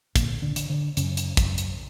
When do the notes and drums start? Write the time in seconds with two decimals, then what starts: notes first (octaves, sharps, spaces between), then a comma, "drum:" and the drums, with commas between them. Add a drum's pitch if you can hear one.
0.16 A#2 D3 A#3, drum: kick, hi-hat
0.42 D3 D4
0.56 D3, drum: hi-hat
0.70 D3 D4
0.97 F#2 C#3 C#4, drum: hi-hat
1.17 drum: hi-hat
1.37 F#2, drum: kick, hi-hat
1.58 drum: hi-hat